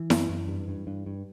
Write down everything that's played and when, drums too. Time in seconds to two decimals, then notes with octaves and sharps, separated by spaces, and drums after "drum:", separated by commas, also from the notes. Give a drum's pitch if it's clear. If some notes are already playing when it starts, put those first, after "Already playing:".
Already playing: E3
0.10 F#2, drum: snare E4
0.29 F#2
0.48 G2
0.68 G2
0.87 G2
1.06 G2